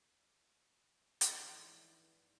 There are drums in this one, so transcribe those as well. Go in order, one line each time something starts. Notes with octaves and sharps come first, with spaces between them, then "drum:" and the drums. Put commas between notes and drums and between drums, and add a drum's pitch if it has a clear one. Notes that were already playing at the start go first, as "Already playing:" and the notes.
A#1 G#2 E3, drum: hi-hat